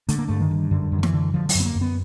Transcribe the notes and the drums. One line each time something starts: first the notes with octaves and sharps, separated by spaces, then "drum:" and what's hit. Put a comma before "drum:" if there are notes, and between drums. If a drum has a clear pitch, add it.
D3 A3, drum: hi-hat
A#3
G2 A3
D#3
G2
F#2 D3
F#2
F3
E3, drum: snare
D3
D3 F3
F#3, drum: open hi-hat
F#2
B3
A#3
F#2
B3